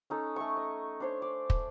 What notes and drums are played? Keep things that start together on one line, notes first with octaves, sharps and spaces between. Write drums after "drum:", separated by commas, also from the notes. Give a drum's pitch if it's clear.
C#4 D#4 A4
A3 G#5 C#6
D#5
D4 C5 C#5
D5
drum: kick